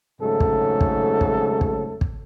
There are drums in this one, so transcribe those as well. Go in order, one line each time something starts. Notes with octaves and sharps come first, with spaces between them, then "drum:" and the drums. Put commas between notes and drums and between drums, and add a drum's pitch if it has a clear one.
G#1 G#2 C#3 F#3 A3 A4
drum: kick
drum: kick
drum: kick
drum: kick
drum: kick